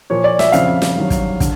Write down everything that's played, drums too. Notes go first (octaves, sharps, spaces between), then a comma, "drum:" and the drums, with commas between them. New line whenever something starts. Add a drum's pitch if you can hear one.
A#2 F3 C#5
D5
E5, drum: snare
F2 C#3 F3 F5, drum: hi-hat
drum: snare
G2 D#3 F#3
drum: kick, hi-hat
D3, drum: kick, hi-hat